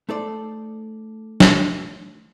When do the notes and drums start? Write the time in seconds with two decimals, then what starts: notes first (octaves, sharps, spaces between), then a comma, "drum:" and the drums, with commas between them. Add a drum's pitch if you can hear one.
0.09 A3 D#4 A4 C5 D5
1.40 drum: snare